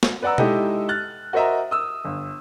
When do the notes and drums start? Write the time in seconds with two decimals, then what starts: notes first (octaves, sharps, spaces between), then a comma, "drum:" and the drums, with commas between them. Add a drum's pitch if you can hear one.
0.03 drum: snare
0.22 B4 D5 F#5 A#5 E6
0.38 G#3 D#4 E4 G4 A4 D#5, drum: tom B2
0.89 F6 F#6 A6
1.33 F#4 A#4 C5 D#5 E5 A#5
1.71 D#6 E6
2.05 G1